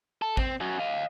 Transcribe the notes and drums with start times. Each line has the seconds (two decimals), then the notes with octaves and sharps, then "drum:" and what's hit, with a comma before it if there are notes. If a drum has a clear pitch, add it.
0.22 A4
0.37 C4, drum: kick A1
0.61 F#2 F#3
0.80 D#5 F5